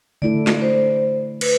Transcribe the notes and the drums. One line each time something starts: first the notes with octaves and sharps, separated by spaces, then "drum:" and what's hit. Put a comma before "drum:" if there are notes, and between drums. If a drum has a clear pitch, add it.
D3 A3 E4 A4 D5
drum: snare
C5
B4, drum: cymbal